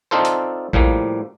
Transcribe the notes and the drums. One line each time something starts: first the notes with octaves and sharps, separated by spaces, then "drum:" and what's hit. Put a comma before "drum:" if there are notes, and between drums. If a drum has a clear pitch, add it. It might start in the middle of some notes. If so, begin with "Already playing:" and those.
C4 D4 D#4 F4 A4 C5
drum: hi-hat
A2 F3 G3 A#3, drum: kick